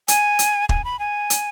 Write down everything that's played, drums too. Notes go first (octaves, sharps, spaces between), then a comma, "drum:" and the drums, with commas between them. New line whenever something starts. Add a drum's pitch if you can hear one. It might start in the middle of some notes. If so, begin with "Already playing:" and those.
G#5, drum: hi-hat
drum: hi-hat
G#5, drum: kick
B5
G#5
drum: hi-hat